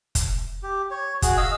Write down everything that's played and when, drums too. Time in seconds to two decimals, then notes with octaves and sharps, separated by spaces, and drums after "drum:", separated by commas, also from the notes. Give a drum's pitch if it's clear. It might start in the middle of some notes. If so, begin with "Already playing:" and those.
0.15 drum: kick, hi-hat
0.63 G4
0.91 C#5
1.22 F#4 G#4, drum: kick, hi-hat
1.37 D#5 F5 E6